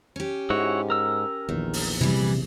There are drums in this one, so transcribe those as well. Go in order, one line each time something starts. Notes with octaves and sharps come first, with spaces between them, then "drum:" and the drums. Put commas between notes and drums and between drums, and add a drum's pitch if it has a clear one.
C#4 G4
G#2 E4 F#4 C#5
A#4 E6
A#1 E2 D#3
drum: open hi-hat
C3 E3 G3